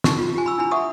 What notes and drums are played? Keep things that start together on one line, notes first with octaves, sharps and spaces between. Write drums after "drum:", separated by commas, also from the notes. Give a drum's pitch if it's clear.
D#4 C#6, drum: snare
F4
F4 G4 G#5
B5 E6
D4 E4 G#5 B5
E5 F#5 C#6 D#6